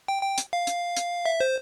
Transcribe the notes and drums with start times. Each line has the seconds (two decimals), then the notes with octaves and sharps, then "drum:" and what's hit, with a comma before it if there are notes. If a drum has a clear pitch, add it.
0.08 G5
0.23 G5
0.38 drum: hi-hat
0.53 F5
0.67 drum: hi-hat
0.96 drum: hi-hat
1.26 E5
1.40 C5